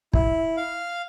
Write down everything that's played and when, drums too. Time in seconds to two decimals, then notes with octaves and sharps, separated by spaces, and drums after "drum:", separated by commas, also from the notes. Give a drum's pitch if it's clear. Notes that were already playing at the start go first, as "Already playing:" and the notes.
0.13 E4, drum: kick
0.57 F5